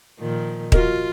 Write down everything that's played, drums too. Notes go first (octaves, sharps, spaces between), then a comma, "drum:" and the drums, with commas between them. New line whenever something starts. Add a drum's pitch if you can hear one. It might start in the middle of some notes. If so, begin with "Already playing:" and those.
A#2 D#3 F3
F3 F4 F#4 A#4 D#5, drum: kick D#1